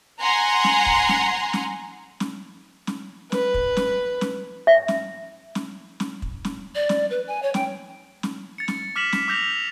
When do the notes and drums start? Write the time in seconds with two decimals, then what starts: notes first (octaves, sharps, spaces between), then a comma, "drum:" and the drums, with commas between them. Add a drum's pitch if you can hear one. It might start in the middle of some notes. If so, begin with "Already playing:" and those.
0.21 F#5 G#5 A#5 C6
0.64 drum: snare
0.86 drum: kick
1.09 drum: snare
1.53 drum: snare
2.20 drum: snare
2.87 drum: snare
3.32 B4, drum: snare
3.54 drum: kick
3.77 drum: snare
4.21 drum: snare
4.67 E5
4.88 drum: snare
5.55 drum: snare
6.00 drum: snare
6.22 drum: kick
6.45 drum: snare
6.75 D5
6.89 drum: snare
7.10 B4
7.27 G#5
7.43 C#5
7.54 G5, drum: snare
8.23 drum: snare
8.58 A6 C#7
8.68 drum: snare
8.96 D6 F6 B6 E7 F#7
9.13 drum: snare
9.28 D6 E6 G6 A#6 F7